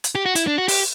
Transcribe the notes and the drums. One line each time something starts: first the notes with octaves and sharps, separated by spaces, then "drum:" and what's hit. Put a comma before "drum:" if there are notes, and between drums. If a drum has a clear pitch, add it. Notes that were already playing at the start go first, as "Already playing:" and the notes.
drum: hi-hat
G4
F#4
E4, drum: hi-hat
D4
F#4
G4, drum: open hi-hat